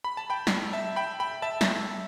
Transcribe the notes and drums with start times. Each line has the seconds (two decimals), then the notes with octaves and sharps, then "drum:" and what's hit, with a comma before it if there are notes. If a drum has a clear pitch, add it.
0.04 B5
0.17 A5
0.30 G5 B5
0.47 drum: snare
0.73 E5 A5
0.96 G5 B5
1.20 G5 B5
1.42 E5 A5
1.61 drum: snare